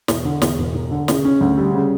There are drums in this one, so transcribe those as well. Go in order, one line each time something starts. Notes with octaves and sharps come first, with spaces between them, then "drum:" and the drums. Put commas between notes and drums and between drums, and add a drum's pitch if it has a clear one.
E1, drum: snare
D3
E2, drum: snare
E1
E1
D3
C#3, drum: snare
C#4
D2
G3
C#3